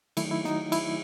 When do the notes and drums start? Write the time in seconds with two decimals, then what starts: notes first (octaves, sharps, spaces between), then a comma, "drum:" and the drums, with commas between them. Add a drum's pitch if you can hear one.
0.17 D#3 F#3 A3 E4, drum: cymbal
0.24 D#4
0.31 E4
0.44 D#4 F#4, drum: snare
0.72 E4, drum: cymbal